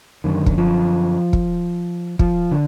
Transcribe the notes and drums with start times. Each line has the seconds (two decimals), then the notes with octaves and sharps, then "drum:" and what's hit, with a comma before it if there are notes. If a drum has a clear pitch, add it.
0.24 F#2 D3 D#3
0.46 drum: kick
0.58 F3
1.33 drum: kick
2.19 F3, drum: kick
2.52 D3